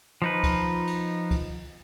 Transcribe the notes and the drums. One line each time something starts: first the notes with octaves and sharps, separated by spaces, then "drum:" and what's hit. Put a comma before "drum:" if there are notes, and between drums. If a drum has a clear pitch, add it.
F3 D#4 B4
drum: kick, cymbal
drum: cymbal
drum: kick, cymbal